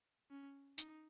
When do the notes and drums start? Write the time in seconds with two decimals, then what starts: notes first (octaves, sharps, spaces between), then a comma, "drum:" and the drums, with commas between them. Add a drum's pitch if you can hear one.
0.31 C#4
0.78 D#4, drum: hi-hat